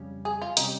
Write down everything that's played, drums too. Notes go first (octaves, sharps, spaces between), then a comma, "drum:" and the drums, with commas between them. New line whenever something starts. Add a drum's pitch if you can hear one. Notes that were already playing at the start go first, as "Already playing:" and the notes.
Already playing: F2 C#3 G3 C#4
G#4
F4
C3 G3 C#4 D#4 G4, drum: hi-hat